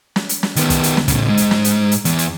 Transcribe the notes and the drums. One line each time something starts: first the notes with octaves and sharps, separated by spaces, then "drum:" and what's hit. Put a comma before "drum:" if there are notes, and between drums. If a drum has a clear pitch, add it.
drum: snare
drum: hi-hat
drum: snare
D#3 B3, drum: hi-hat
drum: kick, hi-hat
drum: hi-hat
drum: snare
A2 C#3, drum: kick, hi-hat
G#2
drum: hi-hat
drum: snare
drum: hi-hat
drum: hi-hat
E2, drum: hi-hat
drum: hi-hat